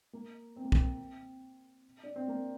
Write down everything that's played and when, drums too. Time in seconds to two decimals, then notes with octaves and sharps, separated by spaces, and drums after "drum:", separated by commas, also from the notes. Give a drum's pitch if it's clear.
0.13 A#3
0.56 C4
0.64 A#3
0.72 C4, drum: kick
2.03 D4
2.16 C4
2.28 A#3